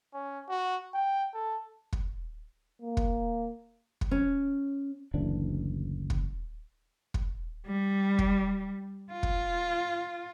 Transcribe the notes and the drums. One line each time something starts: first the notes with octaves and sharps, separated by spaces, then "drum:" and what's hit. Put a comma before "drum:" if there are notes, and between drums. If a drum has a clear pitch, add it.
C#4
F#4
G5
A4
drum: kick
A#3
drum: kick
drum: kick
C#4
F#1 D2 E3 D4
drum: kick
drum: kick
G3
drum: kick
F4
drum: kick